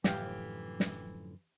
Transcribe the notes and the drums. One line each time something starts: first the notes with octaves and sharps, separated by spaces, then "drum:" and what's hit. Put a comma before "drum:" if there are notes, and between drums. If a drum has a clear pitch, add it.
F#2 A2 D3 E3 F3 G4 F5 G5, drum: snare
drum: snare